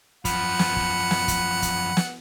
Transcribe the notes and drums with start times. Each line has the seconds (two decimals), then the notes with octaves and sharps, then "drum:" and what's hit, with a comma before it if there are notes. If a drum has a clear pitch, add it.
0.25 F#2 F3 F#5 B5, drum: kick, hi-hat
0.59 drum: snare
0.76 drum: kick
1.11 drum: snare
1.28 drum: kick, hi-hat
1.62 drum: kick, hi-hat
1.97 drum: snare